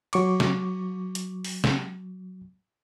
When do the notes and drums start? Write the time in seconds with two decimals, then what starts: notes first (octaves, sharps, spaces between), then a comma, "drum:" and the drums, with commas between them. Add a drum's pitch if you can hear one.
0.13 F#3 C#6 D6, drum: cymbal
0.40 drum: snare
1.15 drum: hi-hat
1.45 drum: open hi-hat
1.64 drum: snare